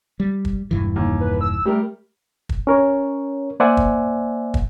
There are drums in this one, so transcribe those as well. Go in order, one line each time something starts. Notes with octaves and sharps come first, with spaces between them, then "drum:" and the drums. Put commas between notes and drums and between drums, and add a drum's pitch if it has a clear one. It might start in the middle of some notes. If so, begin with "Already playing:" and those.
G3
drum: kick
E1 G2 E3
D#2
B4
E6
G3 A3 G4 A#4
drum: kick
C#4 A#4 C#5
A#3 C5 D5 E5 F#5 G#5
drum: kick
drum: kick